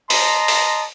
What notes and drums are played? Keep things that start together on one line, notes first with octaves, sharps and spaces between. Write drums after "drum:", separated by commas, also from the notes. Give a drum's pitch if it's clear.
D#5 A5 A#5 C6, drum: open hi-hat
drum: open hi-hat